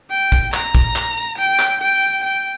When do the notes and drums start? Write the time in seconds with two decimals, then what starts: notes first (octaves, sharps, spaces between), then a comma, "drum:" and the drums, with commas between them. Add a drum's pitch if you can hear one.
0.10 G5
0.32 drum: kick A#1, tambourine
0.54 A#5, drum: clap
0.75 drum: kick A#1
0.96 drum: clap
1.17 drum: tambourine
1.38 G5
1.60 drum: clap
1.81 G5
2.02 drum: tambourine
2.24 G5